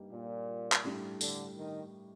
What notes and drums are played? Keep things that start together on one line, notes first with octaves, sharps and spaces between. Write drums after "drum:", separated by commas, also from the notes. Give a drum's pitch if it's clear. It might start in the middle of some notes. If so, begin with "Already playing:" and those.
Already playing: G2 G3 A#3 D#4
A#2
drum: clap
A2 G3 D4 G4
D3, drum: tambourine
D#3